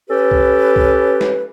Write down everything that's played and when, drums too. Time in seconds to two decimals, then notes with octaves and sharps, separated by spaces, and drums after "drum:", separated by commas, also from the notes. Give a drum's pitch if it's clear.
0.09 C#4 G4 A4 B4
0.31 drum: kick B1
0.76 drum: kick B1
1.21 drum: snare